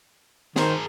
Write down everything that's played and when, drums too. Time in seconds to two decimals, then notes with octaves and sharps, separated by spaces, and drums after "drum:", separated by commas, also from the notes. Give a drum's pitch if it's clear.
0.56 D#3 G#4 A#4 C5, drum: snare